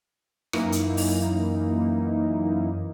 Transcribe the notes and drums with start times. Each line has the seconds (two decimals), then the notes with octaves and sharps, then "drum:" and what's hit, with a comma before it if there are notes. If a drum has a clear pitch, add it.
0.53 F#2 E3 A#3 D#4 E4, drum: rim click
0.72 drum: hi-hat
0.97 drum: open hi-hat